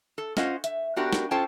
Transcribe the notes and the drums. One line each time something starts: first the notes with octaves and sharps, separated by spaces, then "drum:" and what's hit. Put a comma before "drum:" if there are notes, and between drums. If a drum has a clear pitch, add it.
A4
C#4 F4 C5 D#5 F#5, drum: snare
E5, drum: hi-hat
B3 D4 F#4 G4 A#4
drum: snare
C#4 F4 A4 C5 G5 A5